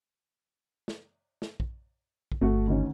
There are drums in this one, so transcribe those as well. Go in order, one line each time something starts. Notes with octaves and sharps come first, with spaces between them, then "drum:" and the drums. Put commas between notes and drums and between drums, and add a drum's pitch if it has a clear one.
drum: snare
drum: snare
drum: kick
drum: kick
G1 A3 F#4 A4
D2 D#3 C#4